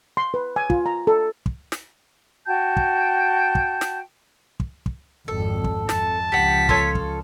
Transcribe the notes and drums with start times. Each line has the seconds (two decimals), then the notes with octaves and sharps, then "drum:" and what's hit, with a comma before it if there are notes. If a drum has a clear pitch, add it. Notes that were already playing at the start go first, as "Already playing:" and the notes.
0.17 C6
0.34 B4
0.56 G#5
0.70 F4, drum: kick
0.86 A#5
1.07 A4
1.46 drum: kick
1.72 drum: snare
2.45 F#4 G5 A5 G6
2.77 drum: kick
3.55 drum: kick
3.81 drum: snare
4.60 drum: kick
4.86 drum: kick
5.28 G#1 F2 A4
5.64 drum: kick
5.89 F2 A5, drum: snare
6.32 C#2 F3 G4 F#5 B6
6.69 F4 A4 C#5, drum: kick
6.95 drum: kick